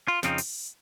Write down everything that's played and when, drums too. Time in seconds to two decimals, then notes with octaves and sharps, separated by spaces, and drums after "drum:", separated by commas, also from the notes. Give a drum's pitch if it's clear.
0.08 F4
0.23 F2 C#3 F3 C4 D#4, drum: snare
0.38 drum: open hi-hat